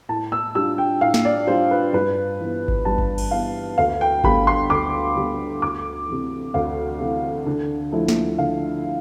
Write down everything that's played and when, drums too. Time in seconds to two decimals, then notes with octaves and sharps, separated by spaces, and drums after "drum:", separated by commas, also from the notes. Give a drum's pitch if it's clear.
0.09 A2 A5
0.32 E6
0.55 G3 D4 F4 E6
0.78 G5
1.01 A2 F5
1.14 drum: snare
1.25 D5
1.47 G3 D4 F4 C5
1.71 B4
1.93 G2 B4
2.40 E3 B3
2.68 drum: kick G#1
2.85 G2 A5
2.99 drum: kick G#1
3.18 drum: cymbal
3.31 E3 B3 F5
3.78 D2 F5
4.01 G5
4.24 D3 G3 B3 B5, drum: kick G#1
4.47 C6
4.70 D2 D6
5.16 D3 G3 B3
5.62 D2 D6
6.08 C3 E3
6.54 D2 F5
7.00 C3 E3
7.46 D3
7.92 F3 A3 E4
8.08 drum: snare
8.38 D3 F5
8.85 E4